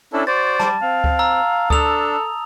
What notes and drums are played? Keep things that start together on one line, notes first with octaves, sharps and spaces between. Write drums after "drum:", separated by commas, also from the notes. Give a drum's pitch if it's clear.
C#4 D4 E4 A4
F#4 C5 D5 A6
G3 A5, drum: snare
C4 F5
drum: kick C#2
A#5 E6
D4 A4 D#6 F7, drum: kick C#2